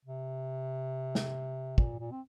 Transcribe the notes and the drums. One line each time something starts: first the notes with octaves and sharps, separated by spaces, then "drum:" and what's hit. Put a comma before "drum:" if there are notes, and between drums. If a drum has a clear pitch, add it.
C3
drum: snare
A#2, drum: kick
A#2
C4